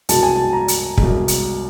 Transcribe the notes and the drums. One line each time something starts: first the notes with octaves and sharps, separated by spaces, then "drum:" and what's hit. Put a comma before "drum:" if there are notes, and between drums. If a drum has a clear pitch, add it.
C2 B2 G#3 A5, drum: hi-hat
G#5
A5
A#5
drum: hi-hat
C2 B2 G#3, drum: kick
drum: hi-hat